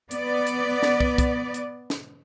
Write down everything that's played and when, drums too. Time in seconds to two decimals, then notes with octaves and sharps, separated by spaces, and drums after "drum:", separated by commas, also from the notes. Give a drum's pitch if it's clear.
0.11 B3 D5, drum: hi-hat
0.47 drum: hi-hat
0.83 drum: snare
1.00 drum: kick
1.18 drum: kick, hi-hat
1.54 drum: hi-hat
1.90 drum: snare